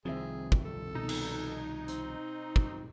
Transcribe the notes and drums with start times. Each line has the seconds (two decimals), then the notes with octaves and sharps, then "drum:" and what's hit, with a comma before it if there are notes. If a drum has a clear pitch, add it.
0.05 C2 D#3 F3 C4 G#4 E5
0.52 drum: kick
0.65 A4
0.95 B2 D#4
1.09 drum: cymbal
1.88 C4, drum: hi-hat
2.56 drum: kick